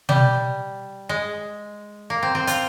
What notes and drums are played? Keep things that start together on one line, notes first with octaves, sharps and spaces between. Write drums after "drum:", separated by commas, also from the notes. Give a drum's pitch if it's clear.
G3, drum: tom
G#3
A#3
C4
C4
F4, drum: hi-hat